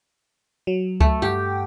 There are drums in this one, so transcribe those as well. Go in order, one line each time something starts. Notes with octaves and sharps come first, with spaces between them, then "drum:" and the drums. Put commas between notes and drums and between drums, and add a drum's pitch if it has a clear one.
F#3
A3, drum: kick C#2
G2 G4 F#5 G5